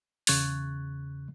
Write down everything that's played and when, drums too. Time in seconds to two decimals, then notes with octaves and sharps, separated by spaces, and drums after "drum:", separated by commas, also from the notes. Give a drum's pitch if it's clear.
0.27 E2 C#3 C#6 F#6 G#6 A6, drum: open hi-hat